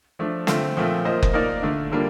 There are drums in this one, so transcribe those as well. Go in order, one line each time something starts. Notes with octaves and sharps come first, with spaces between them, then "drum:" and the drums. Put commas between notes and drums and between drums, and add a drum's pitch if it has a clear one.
F3 A3 D4
D3 A3 C4 F4 C5, drum: snare
A#2 F3 A3 C4 F4
A#3 F4 C5 D#5
drum: kick F#1
A#3 D#4 A#4 D5
D3 A3 D4
D3 G3 A#3 D4 F4